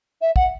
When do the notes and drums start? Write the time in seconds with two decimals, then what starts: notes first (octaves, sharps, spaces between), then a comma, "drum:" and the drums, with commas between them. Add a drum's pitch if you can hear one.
0.21 E5
0.36 F#5, drum: kick